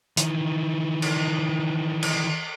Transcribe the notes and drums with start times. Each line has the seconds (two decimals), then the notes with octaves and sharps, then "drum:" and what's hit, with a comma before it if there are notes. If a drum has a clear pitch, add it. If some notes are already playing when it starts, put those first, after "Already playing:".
0.17 D#3 E3, drum: hi-hat
1.02 drum: cymbal
2.03 drum: cymbal